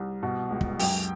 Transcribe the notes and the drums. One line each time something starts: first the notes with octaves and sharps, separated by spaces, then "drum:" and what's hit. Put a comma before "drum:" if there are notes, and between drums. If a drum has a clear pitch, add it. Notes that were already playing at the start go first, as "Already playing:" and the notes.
Already playing: C2
B2
C#2
drum: kick
F#2 G5, drum: open hi-hat